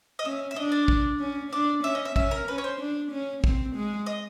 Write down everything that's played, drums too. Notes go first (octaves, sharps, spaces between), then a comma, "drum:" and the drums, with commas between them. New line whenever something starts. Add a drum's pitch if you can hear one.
D#5
C#4 E5
E5
D4 D#5
D5
drum: kick
C#4
D4 D5
C#4 E5
D#5
E5
C#4 E5, drum: kick
A#4
C#4 B4
C#5
C5
D4
C#4
C4, drum: kick
G#3
D#5